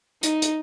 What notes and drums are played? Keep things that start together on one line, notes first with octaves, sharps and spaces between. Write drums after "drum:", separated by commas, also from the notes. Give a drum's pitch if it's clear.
D#4, drum: hi-hat
drum: hi-hat